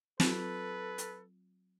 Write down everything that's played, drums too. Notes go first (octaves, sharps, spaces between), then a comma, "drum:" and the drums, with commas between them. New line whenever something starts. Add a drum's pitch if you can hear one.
F#3 C4 F4 A4 B4, drum: snare
drum: hi-hat